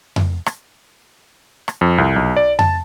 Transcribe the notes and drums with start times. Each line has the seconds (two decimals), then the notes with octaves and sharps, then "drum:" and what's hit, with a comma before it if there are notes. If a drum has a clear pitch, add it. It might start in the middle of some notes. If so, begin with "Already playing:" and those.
0.16 drum: tom F2
0.46 drum: rim click
1.68 drum: rim click
1.81 F2
1.98 C2
2.16 B1
2.37 D5
2.59 A5, drum: tom F2